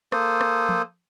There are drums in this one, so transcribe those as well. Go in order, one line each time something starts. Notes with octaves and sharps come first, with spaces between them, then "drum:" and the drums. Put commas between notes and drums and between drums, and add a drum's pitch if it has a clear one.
A#3 A4 C5 D#6, drum: rim click
drum: rim click
drum: tom